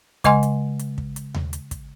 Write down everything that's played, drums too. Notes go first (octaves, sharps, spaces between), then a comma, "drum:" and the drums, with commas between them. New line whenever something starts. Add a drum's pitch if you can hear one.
C#3 G#3 D#5 G#5 C6, drum: kick, hi-hat
drum: hi-hat
drum: hi-hat
drum: kick
drum: hi-hat
drum: tom D#2
drum: hi-hat
drum: kick, hi-hat